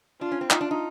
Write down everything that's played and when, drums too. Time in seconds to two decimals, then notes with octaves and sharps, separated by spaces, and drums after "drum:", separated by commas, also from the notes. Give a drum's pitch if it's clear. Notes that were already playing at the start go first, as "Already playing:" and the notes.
0.21 D4 F4
0.32 C#4
0.41 C4
0.51 D#4 F4, drum: clap
0.61 D4
0.71 D#4